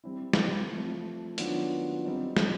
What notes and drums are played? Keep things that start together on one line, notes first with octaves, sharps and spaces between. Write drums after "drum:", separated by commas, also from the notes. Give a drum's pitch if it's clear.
G3 C4 E4
drum: snare
F3 A3 C4
D#3 F#3 B3 D4 F4, drum: hi-hat
G3 C4 D#4
drum: snare